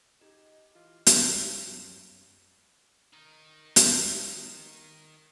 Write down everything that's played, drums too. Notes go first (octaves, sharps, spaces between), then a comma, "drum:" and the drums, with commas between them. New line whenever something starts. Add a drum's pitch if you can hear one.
D#4 G4 D#5 G#6 E7
E3 F4
drum: hi-hat
F#2
D#3 D#4
drum: hi-hat